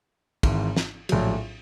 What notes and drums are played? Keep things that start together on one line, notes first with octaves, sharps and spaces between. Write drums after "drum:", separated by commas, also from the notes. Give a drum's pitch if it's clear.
G#1 G#2 E3, drum: kick, cymbal
drum: snare
A#1 A2 F#3, drum: cymbal